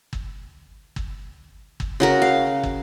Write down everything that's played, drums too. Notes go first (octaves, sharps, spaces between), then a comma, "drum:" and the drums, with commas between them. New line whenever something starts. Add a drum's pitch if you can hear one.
drum: kick
drum: kick
drum: kick
C#3 F#4 A#4
F5
drum: kick